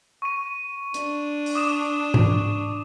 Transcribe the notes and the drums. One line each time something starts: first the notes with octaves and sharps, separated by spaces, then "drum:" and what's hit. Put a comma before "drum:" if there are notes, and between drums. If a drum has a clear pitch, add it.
C#6 D#7
D4, drum: hi-hat
drum: open hi-hat
D6 D#6 E7
drum: tom G#2